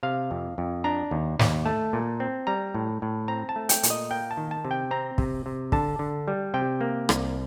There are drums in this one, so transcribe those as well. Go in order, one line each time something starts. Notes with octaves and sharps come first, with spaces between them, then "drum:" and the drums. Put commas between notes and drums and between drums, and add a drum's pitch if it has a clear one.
C3 F5
F2
F2
D4 A#5
D#2
D#2, drum: snare
A3 A5
A#2
C4
G3 A#5
A2
A2
C4 A#5
A5
A3
G5, drum: hi-hat
A#2, drum: hi-hat
D#5
A#3 G5
A5
D#3
A5
C3
G5
C4 A#5
C3, drum: kick
C3
D3 A5, drum: kick
D3
G3
C3 G5
A#3
C2, drum: rim click